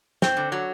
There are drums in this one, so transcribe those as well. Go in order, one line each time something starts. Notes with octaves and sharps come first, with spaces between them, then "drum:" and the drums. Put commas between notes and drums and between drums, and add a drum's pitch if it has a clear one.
C4, drum: snare
D3
F#3